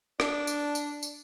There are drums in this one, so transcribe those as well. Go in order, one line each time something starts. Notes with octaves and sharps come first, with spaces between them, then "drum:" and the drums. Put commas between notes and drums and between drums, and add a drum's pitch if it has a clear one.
D4, drum: rim click
drum: tambourine
drum: tambourine
drum: tambourine